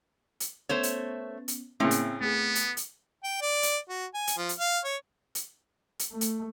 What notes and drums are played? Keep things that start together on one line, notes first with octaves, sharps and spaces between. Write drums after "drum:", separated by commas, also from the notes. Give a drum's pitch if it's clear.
drum: hi-hat
A3 B3 C#4 C5 C#5
drum: hi-hat
drum: hi-hat
A2 C#3 A#3 C4 E5
drum: hi-hat
A3 B3 G#4
drum: hi-hat
drum: hi-hat
G5
D5
drum: hi-hat
F#4
G#5
drum: hi-hat
F3
drum: hi-hat
F5
C#5
drum: hi-hat
drum: hi-hat
A3
drum: hi-hat